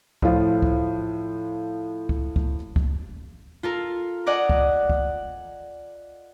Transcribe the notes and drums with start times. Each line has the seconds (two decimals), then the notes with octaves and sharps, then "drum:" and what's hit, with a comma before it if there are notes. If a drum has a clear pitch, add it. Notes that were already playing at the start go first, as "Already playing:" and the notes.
0.22 A2 F3 F4, drum: kick
0.62 drum: kick
2.09 drum: kick
2.36 drum: kick
2.76 drum: kick
3.63 F4 A4 A#4
4.26 A#4 D5 D#5 F#5 G#5
4.50 drum: kick
4.90 drum: kick